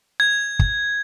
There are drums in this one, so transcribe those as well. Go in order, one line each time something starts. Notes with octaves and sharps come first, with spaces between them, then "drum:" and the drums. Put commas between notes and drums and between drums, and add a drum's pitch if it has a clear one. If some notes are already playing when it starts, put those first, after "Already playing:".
G#6
drum: kick